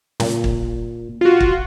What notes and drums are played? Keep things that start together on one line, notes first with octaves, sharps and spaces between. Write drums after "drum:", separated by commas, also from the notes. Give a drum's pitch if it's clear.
A#2, drum: snare
drum: kick
F4 F#4
drum: kick